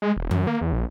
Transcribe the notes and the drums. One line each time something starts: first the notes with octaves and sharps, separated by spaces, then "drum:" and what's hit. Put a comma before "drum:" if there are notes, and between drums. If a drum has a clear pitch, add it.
G#3
E1
F#2, drum: tom D#3
A#3
E2
A#1